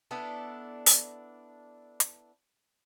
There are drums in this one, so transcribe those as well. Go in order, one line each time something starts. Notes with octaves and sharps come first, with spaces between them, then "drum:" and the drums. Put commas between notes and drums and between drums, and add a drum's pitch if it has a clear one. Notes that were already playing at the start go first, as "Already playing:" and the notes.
B3 D4 E4 A4
drum: open hi-hat
drum: hi-hat